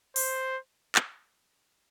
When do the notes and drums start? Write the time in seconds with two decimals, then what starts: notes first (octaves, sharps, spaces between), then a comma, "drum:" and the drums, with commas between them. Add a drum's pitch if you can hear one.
0.16 C5, drum: open hi-hat
0.96 drum: clap